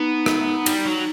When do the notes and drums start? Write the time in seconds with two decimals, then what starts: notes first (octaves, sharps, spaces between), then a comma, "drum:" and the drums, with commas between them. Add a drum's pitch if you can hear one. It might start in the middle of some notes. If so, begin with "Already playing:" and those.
Already playing: B3 D#4
0.26 drum: rim click
0.66 G3, drum: cymbal
0.85 F#3